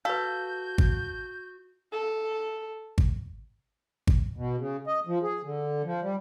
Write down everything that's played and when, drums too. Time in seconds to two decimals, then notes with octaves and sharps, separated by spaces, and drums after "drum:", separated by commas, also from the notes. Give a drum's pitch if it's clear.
0.05 F#4 A4 B4 F5 G6
0.78 drum: kick G#1
1.92 A4
2.98 drum: kick G#1
4.07 drum: kick G#1
4.36 B2
4.58 C#3
4.87 D#5
5.07 F3
5.23 G#4
5.43 D3
5.84 F3
6.02 G3